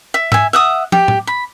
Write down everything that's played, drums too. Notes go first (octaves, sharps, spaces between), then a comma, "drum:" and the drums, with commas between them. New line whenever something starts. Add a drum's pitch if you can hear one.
E5
E5 G#5, drum: tom
E5 F#5 D#6
G4, drum: tom
drum: tom A2
B5